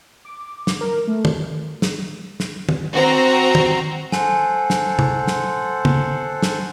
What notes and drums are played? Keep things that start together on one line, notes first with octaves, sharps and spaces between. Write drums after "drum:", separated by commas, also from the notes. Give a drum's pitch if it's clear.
D6
drum: snare
A#4
A3
drum: tom
drum: snare
drum: snare
drum: tom
C4 F#4 A#5
drum: tom
A4 C5 F#5 G#5, drum: snare
drum: snare
drum: tom C3
drum: snare
drum: tom
drum: snare